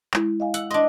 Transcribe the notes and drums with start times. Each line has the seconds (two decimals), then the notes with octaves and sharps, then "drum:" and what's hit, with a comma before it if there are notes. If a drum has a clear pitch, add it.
0.14 G#3 E4, drum: clap
0.40 D#5 F5 G#5
0.54 F#5 E6, drum: hi-hat
0.71 D4 D#5 C6